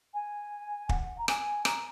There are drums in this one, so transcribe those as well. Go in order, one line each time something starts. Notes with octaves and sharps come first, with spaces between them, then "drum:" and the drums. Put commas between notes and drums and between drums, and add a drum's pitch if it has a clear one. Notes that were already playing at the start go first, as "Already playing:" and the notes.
G#5
F#5, drum: kick
A#5
G#5, drum: rim click
A#5, drum: rim click